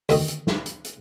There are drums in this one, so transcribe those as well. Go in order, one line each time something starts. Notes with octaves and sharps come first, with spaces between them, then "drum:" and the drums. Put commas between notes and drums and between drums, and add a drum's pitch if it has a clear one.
D2 D#3 D#5, drum: open hi-hat
drum: hi-hat
drum: snare
drum: hi-hat
drum: hi-hat